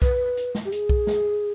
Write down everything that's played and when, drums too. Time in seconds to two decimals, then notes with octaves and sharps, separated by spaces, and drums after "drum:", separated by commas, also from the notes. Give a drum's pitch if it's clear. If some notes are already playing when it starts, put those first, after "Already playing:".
0.02 B4, drum: kick B1, hi-hat
0.37 drum: hi-hat
0.55 drum: snare
0.65 G4
0.72 G#4, drum: hi-hat
0.89 drum: kick B1
1.07 drum: snare